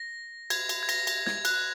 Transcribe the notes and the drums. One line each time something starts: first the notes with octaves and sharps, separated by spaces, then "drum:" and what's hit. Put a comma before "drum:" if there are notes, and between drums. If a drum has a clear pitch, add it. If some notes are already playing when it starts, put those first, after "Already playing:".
Already playing: A#6
G#6, drum: cymbal
drum: cymbal
G#6
A#6, drum: cymbal
drum: cymbal
G#6, drum: snare
F#6, drum: cymbal